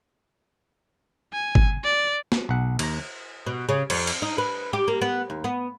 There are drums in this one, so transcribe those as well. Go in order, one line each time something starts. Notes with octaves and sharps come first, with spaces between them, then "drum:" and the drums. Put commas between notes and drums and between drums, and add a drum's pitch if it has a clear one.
G#5
drum: kick
D5
drum: snare
B1 F#5
D#2 A#5, drum: cymbal
B2
C#3
F2, drum: cymbal
drum: cymbal
D#4
B4
G4
A#3
B3
D#2
B3